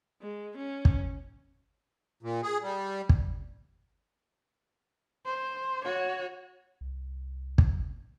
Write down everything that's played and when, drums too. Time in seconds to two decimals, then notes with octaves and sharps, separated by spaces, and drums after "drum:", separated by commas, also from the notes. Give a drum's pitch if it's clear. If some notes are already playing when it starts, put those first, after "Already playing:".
0.21 G#3
0.57 C#4
0.85 drum: kick
2.23 A#2
2.43 G#4
2.62 G3
3.09 drum: kick
5.25 C5
5.85 F#4 C#5
6.81 C2
7.58 drum: kick